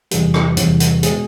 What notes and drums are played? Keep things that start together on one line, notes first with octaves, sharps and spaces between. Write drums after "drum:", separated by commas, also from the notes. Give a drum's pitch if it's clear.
E2 C3 E3 G3 G#4, drum: hi-hat
drum: rim click
E2 C3 E3 G3, drum: hi-hat
drum: hi-hat
B2 G#3 G#4, drum: hi-hat